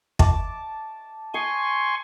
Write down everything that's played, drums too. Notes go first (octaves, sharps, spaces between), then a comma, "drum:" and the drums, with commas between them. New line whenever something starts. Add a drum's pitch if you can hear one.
A5 D6, drum: kick
G#5 C6 C#6 D#6